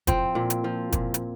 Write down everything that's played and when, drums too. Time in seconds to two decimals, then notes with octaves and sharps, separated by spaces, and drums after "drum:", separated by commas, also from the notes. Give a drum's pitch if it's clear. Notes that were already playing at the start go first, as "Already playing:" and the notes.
0.07 F3 C4, drum: kick, hi-hat
0.35 A#2
0.50 drum: hi-hat
0.64 F3
0.92 A#2, drum: kick, hi-hat
1.14 drum: hi-hat